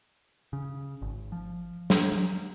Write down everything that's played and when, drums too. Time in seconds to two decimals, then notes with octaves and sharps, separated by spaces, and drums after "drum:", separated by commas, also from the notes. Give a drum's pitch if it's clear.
0.53 C#3
1.02 G#1
1.32 F3
1.90 drum: snare
2.12 F#3